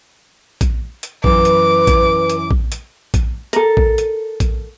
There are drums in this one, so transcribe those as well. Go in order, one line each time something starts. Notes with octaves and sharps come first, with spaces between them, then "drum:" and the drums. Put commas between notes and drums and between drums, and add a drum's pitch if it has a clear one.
drum: kick, hi-hat
drum: hi-hat
F#2 E3 B4 D6, drum: kick
drum: hi-hat
drum: kick, hi-hat
drum: hi-hat
drum: kick
drum: hi-hat
drum: kick, hi-hat
A4 A#4, drum: hi-hat
drum: kick
drum: hi-hat
drum: kick, hi-hat